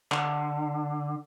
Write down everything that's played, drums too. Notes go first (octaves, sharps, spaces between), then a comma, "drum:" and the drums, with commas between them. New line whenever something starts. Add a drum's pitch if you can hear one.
D3, drum: clap